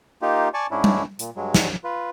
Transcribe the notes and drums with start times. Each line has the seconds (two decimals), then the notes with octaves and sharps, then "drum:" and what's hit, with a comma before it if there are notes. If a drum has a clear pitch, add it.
0.22 A#3 D#4 F4 G4
0.54 D5 G#5 A5 C#6
0.71 G#2 C#4 D4 E4
0.84 drum: tom G3
1.19 A#2, drum: hi-hat
1.36 G2 F#3 G#3
1.54 drum: snare
1.84 F4 B4